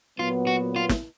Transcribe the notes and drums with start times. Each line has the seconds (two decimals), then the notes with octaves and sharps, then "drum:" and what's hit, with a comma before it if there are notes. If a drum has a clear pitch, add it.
0.19 A#2 F#3 B3 F4
0.47 F#4
0.76 F4
0.89 drum: snare